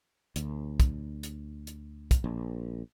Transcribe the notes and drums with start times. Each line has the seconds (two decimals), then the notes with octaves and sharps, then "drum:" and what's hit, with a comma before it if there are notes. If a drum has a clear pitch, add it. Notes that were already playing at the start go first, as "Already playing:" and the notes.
0.36 D2, drum: hi-hat
0.80 drum: kick, hi-hat
1.23 drum: hi-hat
1.67 drum: hi-hat
2.11 drum: kick, hi-hat
2.24 A#1